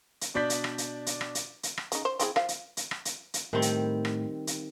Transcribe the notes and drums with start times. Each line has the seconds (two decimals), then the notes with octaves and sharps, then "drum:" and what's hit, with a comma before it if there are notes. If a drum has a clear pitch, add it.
0.21 drum: hi-hat
0.34 B2 D4 D5 G6 B6
0.50 drum: hi-hat
0.64 drum: rim click
0.78 drum: hi-hat
1.07 drum: hi-hat
1.21 drum: rim click
1.35 drum: hi-hat
1.63 drum: hi-hat
1.77 drum: rim click
1.92 C#3 D#4, drum: hi-hat
2.05 C5
2.19 C4 E4 G#4, drum: hi-hat
2.36 F3 F5, drum: rim click
2.48 drum: hi-hat
2.77 drum: hi-hat
2.91 drum: rim click
3.05 drum: hi-hat
3.34 drum: hi-hat
3.53 A2 D#3 G3 A3 C4
3.62 drum: hi-hat
4.05 drum: rim click
4.47 drum: hi-hat